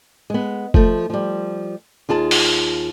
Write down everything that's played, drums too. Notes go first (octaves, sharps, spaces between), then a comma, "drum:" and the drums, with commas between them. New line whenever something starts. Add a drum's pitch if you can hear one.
G#3 B3
F3 A3, drum: kick F1
F3 G3
D#2 F4 G#4 A5
drum: open hi-hat